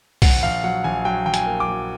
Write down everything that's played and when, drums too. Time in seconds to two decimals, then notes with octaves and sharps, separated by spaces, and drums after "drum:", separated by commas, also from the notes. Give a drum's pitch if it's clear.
0.22 A#1 F#5, drum: kick, open hi-hat
0.43 A#1 F5
0.64 F#3 F#5
0.84 A#1 G#5
1.05 F#3 G5
1.26 A#1 G5
1.34 G#5, drum: hi-hat
1.46 A#3
1.60 D6
1.68 F#3